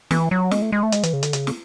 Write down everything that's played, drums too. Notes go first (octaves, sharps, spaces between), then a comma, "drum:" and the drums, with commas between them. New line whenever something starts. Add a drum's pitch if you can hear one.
E3, drum: snare
F#3
G#3, drum: snare
A3
G#3
A3
G#3, drum: hi-hat
E3, drum: hi-hat
C#3
D3, drum: hi-hat
C#3, drum: hi-hat
drum: snare